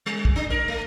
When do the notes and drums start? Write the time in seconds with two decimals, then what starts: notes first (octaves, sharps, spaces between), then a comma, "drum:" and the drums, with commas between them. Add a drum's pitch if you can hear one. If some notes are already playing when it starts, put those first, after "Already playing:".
0.06 G3
0.25 drum: kick
0.36 D4
0.50 A#4
0.68 A3